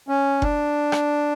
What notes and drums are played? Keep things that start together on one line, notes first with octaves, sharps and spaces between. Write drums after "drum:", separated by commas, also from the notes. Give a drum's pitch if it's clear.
C#4
D4, drum: kick F#1
drum: rim click